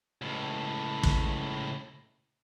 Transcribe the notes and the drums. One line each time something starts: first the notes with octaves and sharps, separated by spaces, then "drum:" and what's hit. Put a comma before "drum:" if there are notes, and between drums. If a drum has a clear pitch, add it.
C#2 A2
drum: kick